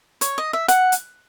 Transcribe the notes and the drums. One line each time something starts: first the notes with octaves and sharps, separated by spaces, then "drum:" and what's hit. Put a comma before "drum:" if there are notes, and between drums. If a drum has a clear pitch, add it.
C#5, drum: hi-hat
D#5
E5
F#5, drum: hi-hat
drum: hi-hat